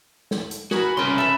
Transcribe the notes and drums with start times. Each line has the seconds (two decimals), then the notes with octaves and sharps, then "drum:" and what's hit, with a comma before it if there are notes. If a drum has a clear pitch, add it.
0.31 drum: snare
0.51 drum: hi-hat
0.71 F#4 G#4 A#4 B4, drum: snare
0.83 B5
0.97 C2 C#3 C#4 A#4 B5 C6
1.18 A4 B4 E5